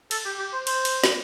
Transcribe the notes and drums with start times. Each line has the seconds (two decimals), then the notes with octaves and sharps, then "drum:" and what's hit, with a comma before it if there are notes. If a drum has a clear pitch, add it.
0.11 A4, drum: cymbal
0.25 G4
0.39 G4
0.53 C5
0.67 C5, drum: cymbal
0.85 drum: cymbal
1.04 drum: snare